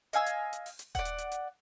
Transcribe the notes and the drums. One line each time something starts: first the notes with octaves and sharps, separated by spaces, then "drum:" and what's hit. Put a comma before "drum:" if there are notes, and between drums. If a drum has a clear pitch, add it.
D#5 F5 G#5 E6, drum: hi-hat
drum: hi-hat
drum: hi-hat
drum: open hi-hat
drum: hi-hat
D5 F#5, drum: kick D#1, hi-hat
drum: hi-hat
drum: hi-hat
drum: hi-hat